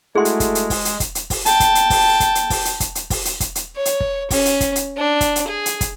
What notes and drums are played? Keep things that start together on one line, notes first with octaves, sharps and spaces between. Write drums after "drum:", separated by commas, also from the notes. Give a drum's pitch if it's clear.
G#3 A3 E4 F#4 G#4 F#5 C6
drum: hi-hat
drum: kick, hi-hat
drum: hi-hat
drum: kick, open hi-hat
drum: hi-hat
drum: kick, hi-hat
drum: hi-hat
drum: kick, open hi-hat
G5 A5, drum: hi-hat
drum: kick, hi-hat
drum: hi-hat
drum: kick, open hi-hat
drum: kick, hi-hat
drum: hi-hat
drum: kick, open hi-hat
drum: hi-hat
drum: kick, hi-hat
drum: hi-hat
drum: kick, open hi-hat
drum: hi-hat
drum: kick, hi-hat
drum: hi-hat
C#5
drum: hi-hat
drum: kick
C#4, drum: kick, open hi-hat
drum: hi-hat
drum: kick, hi-hat
drum: hi-hat
D4
drum: kick, hi-hat
drum: hi-hat
G#4
drum: hi-hat
drum: kick, hi-hat